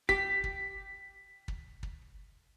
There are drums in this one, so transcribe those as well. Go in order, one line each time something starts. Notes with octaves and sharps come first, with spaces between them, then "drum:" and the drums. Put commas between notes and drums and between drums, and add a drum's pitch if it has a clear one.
G4 B6, drum: kick
drum: kick
drum: kick
drum: kick